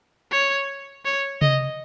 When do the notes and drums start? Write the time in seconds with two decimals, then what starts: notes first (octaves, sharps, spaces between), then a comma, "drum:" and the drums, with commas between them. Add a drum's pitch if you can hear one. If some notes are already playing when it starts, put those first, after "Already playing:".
0.32 C#5
1.05 C#5
1.42 D#5, drum: tom C3